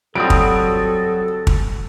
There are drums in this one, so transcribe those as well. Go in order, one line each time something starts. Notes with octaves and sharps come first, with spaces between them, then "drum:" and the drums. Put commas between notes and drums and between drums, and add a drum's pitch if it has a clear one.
F#3 G3 C4 F#4 A4 D#6 D7
drum: kick
drum: kick